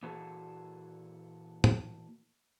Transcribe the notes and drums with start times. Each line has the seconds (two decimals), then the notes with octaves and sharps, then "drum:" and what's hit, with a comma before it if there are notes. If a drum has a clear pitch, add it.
0.03 A#2 E3 A#3 F#4 G#4 A4
1.64 drum: tom